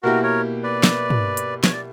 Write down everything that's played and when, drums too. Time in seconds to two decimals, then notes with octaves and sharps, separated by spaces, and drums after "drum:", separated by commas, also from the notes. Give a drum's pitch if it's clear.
0.03 B2 A#3 E4 F#4 G4 A#4
0.23 A#4 C#5
0.63 B4 D5
0.83 drum: snare
1.10 drum: tom
1.37 drum: hi-hat
1.64 C#5, drum: snare
1.73 D5